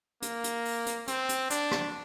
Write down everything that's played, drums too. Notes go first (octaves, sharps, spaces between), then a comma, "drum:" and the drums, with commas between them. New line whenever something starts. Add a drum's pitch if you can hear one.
A#3, drum: hi-hat
drum: hi-hat
drum: open hi-hat
drum: hi-hat
C4, drum: hi-hat
drum: hi-hat
D4, drum: hi-hat
drum: rim click